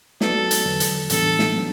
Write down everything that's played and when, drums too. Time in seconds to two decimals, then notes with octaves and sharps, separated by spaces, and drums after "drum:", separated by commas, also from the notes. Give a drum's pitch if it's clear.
0.21 F#3 B3 F#4 A4 B4 D5, drum: snare
0.51 drum: hi-hat
0.65 E2 D3 F#3
0.80 drum: hi-hat
1.10 A2 E3 G3 B3 D4 A4, drum: hi-hat
1.39 drum: snare
1.55 F#3 B3 D4